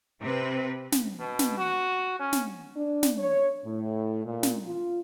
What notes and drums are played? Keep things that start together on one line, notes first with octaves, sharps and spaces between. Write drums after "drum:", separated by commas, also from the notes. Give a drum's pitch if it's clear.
C3 C4 B4
drum: snare
B2
drum: snare
F#4
C#4
drum: snare
D4
drum: snare
C#5
A2
A#2
drum: snare
F4